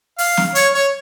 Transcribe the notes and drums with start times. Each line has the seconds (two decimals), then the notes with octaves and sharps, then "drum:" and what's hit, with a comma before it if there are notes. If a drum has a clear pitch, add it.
0.18 F5, drum: open hi-hat
0.37 drum: snare
0.55 C#5, drum: hi-hat
0.74 C#5